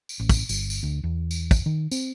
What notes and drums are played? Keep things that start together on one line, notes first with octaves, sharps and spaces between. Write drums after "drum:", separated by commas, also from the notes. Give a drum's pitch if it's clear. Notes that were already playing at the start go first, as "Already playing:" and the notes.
drum: tambourine
A1
drum: kick, tambourine
G1, drum: tambourine
drum: tambourine
D2
E2
drum: tambourine
drum: kick, tambourine
D#3
C4, drum: tambourine